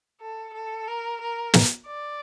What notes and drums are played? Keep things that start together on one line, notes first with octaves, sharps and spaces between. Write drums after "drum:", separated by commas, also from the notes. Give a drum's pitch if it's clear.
A4
A4
A#4
A#4
drum: snare
D5